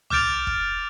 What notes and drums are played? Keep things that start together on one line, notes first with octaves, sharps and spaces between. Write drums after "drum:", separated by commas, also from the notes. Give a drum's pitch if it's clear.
D6 F6 G6 A6 D7 F7, drum: tom C2
drum: kick